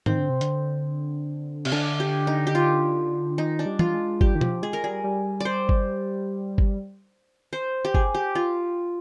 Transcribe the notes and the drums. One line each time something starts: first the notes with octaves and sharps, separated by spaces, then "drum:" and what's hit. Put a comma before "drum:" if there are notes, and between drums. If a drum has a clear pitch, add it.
D#3 C4, drum: tom G#2
D3
C3
D3, drum: hi-hat
C3, drum: cymbal
D3 D4
G4
D#4
G4
F4
D#3 D#4
D4
G3
F4, drum: tom
G#3
G3 G4, drum: kick G1
D#3
F3, drum: tom
G#3 G#4
A#4
G3 G#4
G3
C5 D5
drum: kick G1
drum: kick G1
C5
G4
G#4, drum: kick G1
G4
F4